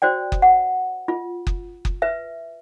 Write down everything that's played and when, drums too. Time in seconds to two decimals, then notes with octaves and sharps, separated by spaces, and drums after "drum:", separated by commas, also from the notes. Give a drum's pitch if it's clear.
0.02 F#4 C5 D5 G5
0.32 drum: kick F#1
0.42 F#5
1.08 F4
1.47 drum: kick F#1
1.85 drum: kick F#1
2.02 B4 E5